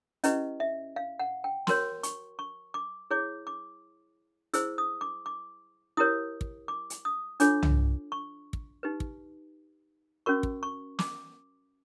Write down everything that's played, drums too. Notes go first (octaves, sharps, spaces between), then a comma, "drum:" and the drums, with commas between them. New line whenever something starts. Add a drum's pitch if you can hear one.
C#4 E4 G4 B4 D#5, drum: hi-hat
E5
F5
F#5
G5
F#4 A#4 C#5 C6, drum: snare
C#6, drum: hi-hat
C#6
D6
E4 G#4 C#5 D6
D6
E4 G#4 C5 E6, drum: hi-hat
D#6
D6
D6
E4 G4 A#4 C#5 D#6
drum: kick
D6
drum: hi-hat
D#6
D4 F4 A4 C#5 D6, drum: hi-hat
drum: tom
C#6
drum: kick
D#4 G4 B4
drum: kick
C#4 F#4 A#4 C#6
drum: kick
C#6
D6, drum: snare